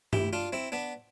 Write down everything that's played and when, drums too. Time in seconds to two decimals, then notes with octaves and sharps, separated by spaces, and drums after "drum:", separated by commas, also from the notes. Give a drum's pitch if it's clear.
0.13 E4 G4, drum: tom G2
0.33 D4 F4
0.53 C4 E4
0.72 B3 D4